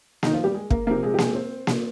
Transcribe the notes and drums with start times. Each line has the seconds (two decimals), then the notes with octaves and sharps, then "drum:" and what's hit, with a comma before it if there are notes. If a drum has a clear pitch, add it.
0.23 D#3 D#4, drum: snare A#3
0.34 F3 F4
0.44 G3 G4
0.54 G#3 G#4
0.70 A#3 A#4, drum: kick
0.87 C3 F3 A#3 A#4
1.03 G#3 G#4
1.14 G4
1.18 G#3 G#4, drum: snare A#3
1.34 C4 C5
1.67 drum: snare A#3